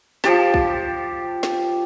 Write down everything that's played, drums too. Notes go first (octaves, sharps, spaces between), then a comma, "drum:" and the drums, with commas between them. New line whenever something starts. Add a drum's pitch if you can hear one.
F3 G4 A5, drum: snare
drum: kick
drum: snare